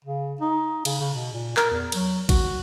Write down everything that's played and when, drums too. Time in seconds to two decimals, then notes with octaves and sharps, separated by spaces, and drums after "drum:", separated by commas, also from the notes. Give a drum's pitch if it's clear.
0.04 C#3
0.41 D#4
0.85 C#3, drum: cymbal
1.00 C#3
1.14 B2
1.33 A#2
1.57 A#4, drum: clap
1.71 E2
1.92 F#3, drum: cymbal
2.29 F#4, drum: kick A1, cymbal